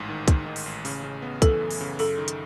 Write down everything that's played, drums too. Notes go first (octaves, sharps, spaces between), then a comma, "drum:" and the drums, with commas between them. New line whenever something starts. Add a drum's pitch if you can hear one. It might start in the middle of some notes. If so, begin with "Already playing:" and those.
Already playing: A1 G#2
D#3
D#3, drum: kick, hi-hat
D#3
drum: open hi-hat
A1
C#3, drum: open hi-hat
C#3
B3
E3 A4, drum: kick, hi-hat
F#2
drum: open hi-hat
C#3
F#2 A4, drum: open hi-hat
D#3
drum: hi-hat